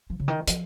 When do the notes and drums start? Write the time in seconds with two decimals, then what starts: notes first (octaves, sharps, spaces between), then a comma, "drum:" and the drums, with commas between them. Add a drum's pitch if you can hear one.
0.10 F3
0.20 C#3
0.28 D#3
0.47 F3, drum: hi-hat